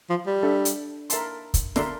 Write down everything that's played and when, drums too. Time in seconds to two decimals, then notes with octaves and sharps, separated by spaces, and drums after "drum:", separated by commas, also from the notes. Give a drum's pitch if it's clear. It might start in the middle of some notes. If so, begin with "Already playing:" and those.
0.10 F3
0.27 G3
0.43 D4 A4 E5
0.65 drum: hi-hat
1.10 A#4 E5 A5 C6, drum: hi-hat
1.54 drum: kick, hi-hat
1.76 D3 A#4 E5 A5 C6, drum: snare